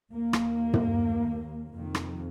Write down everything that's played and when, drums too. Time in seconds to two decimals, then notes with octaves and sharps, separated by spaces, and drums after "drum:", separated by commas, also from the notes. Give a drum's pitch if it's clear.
0.12 D#2 A#3
0.33 drum: rim click
0.74 drum: tom
1.74 F2 C3 D#3
1.95 drum: rim click